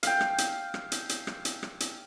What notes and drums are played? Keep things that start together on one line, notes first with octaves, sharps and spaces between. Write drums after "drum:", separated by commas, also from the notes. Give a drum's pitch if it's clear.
F5 G5, drum: hi-hat
drum: rim click
drum: hi-hat
drum: rim click
drum: hi-hat
drum: hi-hat
drum: rim click
drum: hi-hat
drum: rim click
drum: hi-hat